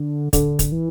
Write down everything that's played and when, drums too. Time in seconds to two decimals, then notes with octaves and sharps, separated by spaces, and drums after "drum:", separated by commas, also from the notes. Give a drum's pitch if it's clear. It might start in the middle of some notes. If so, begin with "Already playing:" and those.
Already playing: D3
0.33 D3, drum: kick, hi-hat
0.59 drum: kick, hi-hat
0.72 E3